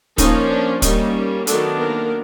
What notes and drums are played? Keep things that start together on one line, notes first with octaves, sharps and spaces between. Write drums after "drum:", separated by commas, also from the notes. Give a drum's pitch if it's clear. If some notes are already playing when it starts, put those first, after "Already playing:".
F3 A#3 C#4 D#4, drum: kick, hi-hat
D4
G3 A#3 C#4 D#4, drum: kick, hi-hat
D#3 F#3 A3 B3 D4 A4, drum: hi-hat
A#3 A#4